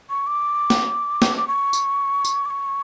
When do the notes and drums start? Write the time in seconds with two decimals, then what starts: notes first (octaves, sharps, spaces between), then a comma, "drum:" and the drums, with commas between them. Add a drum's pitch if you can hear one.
0.10 C#6
0.27 D6
0.70 drum: snare
1.22 drum: snare
1.37 D6
1.48 C#6
1.73 drum: tambourine
2.25 drum: tambourine
2.45 D6
2.50 C#6